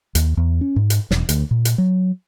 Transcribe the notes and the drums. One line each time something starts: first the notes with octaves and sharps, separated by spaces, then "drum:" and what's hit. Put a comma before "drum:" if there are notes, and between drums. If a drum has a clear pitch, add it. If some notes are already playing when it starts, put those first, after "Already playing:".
D#2, drum: hi-hat
E2
C#4
G#2
drum: hi-hat
E1, drum: snare
D2, drum: hi-hat
A#2
drum: hi-hat
F#3